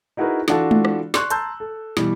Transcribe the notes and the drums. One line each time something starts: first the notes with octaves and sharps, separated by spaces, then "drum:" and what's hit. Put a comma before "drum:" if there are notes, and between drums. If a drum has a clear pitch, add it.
D#4 E4 F#4 G#4 A#4 B4
E3 D4 F4 F#4 A4, drum: snare
drum: tom G#3
drum: rim click
D5 C6 C#6 F#6, drum: snare
A5 A#5 C6 E6 G6, drum: hi-hat
A4
B2 E3 G3, drum: snare